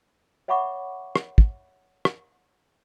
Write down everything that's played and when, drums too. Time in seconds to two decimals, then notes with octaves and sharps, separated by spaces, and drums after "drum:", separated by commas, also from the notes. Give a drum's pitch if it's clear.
0.48 C#5 E5 F#5 B5 C#6 D6
1.16 drum: rim click
1.38 drum: kick
2.05 drum: rim click